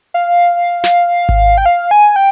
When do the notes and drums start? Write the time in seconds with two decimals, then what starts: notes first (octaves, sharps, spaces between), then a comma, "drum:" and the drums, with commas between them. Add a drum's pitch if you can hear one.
0.14 F5
0.84 drum: snare
1.29 drum: kick G#1
1.58 G5
1.66 F5
1.91 G#5
2.16 G5